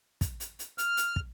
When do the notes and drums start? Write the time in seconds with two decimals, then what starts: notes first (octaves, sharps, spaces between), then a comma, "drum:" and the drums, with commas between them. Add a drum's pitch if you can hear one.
0.21 drum: kick, hi-hat
0.40 drum: hi-hat
0.59 drum: hi-hat
0.78 F6, drum: hi-hat
0.97 drum: hi-hat
1.16 drum: kick